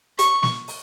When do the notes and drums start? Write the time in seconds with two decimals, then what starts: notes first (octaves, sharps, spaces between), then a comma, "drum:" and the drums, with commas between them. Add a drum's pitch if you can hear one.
0.19 C#6, drum: hi-hat
0.43 drum: snare
0.68 drum: open hi-hat